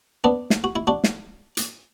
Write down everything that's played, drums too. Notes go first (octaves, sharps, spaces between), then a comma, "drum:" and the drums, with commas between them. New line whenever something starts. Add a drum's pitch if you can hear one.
B3 D4
drum: snare
F#4
E4
D4 F#4
drum: snare
drum: hi-hat